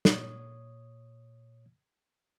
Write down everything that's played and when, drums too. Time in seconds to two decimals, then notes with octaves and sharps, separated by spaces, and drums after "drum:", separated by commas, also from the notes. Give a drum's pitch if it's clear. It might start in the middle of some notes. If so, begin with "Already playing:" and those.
0.05 A#2 C#5 D#6, drum: snare